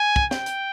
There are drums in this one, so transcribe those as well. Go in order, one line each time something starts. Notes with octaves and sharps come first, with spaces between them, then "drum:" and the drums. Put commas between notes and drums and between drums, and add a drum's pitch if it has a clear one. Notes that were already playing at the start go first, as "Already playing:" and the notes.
Already playing: G#5
drum: kick
G5, drum: snare
drum: hi-hat